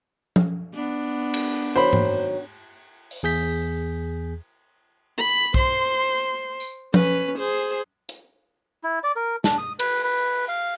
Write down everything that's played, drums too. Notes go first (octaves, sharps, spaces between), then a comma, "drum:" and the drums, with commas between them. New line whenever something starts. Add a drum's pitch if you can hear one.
drum: tom F3
B3 D4
drum: cymbal
D#3 F#3 C5 B5
drum: tom G#2
drum: open hi-hat
E2 G#4 G6 B6
B5
C5 C6, drum: kick B1
drum: tambourine
C#4 B4, drum: tom F3
G#4 C5
drum: hi-hat
E4
D5
A#4
D4, drum: snare
D#6
B4, drum: cymbal
B4
F5